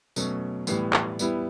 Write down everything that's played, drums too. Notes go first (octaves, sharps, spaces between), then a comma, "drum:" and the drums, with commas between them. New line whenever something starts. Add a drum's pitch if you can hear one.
B2 F#3 A3 C#4, drum: tambourine
A2 E3 G3 B3, drum: tambourine
drum: clap
G3 B3 E4, drum: tambourine